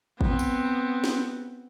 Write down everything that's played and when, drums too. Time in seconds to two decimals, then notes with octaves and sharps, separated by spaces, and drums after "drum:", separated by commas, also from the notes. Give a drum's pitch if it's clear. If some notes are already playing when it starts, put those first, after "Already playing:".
0.21 B3 C4, drum: kick G#1
0.39 drum: tambourine
1.04 drum: snare